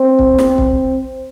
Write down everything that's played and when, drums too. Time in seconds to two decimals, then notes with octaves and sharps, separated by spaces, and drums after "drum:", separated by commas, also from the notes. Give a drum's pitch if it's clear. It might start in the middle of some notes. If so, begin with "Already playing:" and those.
Already playing: C4
0.19 drum: kick
0.38 drum: snare
0.58 drum: kick